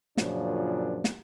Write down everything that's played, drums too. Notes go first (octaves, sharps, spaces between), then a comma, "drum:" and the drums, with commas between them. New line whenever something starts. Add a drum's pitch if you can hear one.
F#2 A#2 C#3 F3 D4, drum: snare
drum: snare